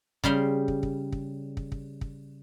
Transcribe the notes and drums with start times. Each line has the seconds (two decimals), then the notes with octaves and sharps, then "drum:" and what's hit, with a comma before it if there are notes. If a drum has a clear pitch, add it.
0.24 C#3 G3 C6, drum: kick
0.68 drum: kick
0.83 drum: kick
1.12 drum: kick
1.57 drum: kick
1.72 drum: kick
2.01 drum: kick